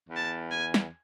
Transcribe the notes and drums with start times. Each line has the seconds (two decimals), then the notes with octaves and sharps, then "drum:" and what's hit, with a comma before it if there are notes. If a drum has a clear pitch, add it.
0.09 E2
0.16 A5
0.51 G#5
0.74 drum: snare